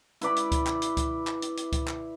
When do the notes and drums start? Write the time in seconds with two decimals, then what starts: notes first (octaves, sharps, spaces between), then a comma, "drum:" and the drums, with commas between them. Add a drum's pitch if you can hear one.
0.21 E4 B4 D5 B5, drum: hi-hat
0.36 drum: hi-hat
0.52 drum: kick C#2, hi-hat
0.67 drum: clap
0.82 drum: hi-hat
0.97 drum: kick C#2, hi-hat
1.27 drum: clap
1.42 drum: hi-hat
1.57 drum: hi-hat
1.72 drum: kick C#2, hi-hat
1.88 drum: clap